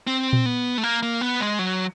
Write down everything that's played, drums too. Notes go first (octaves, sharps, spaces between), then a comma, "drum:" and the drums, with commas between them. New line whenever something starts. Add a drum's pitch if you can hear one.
C4
drum: tom A#2
B3
A3
A#3
A#3
B3
G#3
F#3